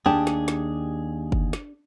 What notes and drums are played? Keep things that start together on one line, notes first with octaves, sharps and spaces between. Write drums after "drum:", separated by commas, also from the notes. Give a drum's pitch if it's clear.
D#2 D4 G4 G#4 A5
drum: snare
drum: snare
drum: kick F#1
drum: snare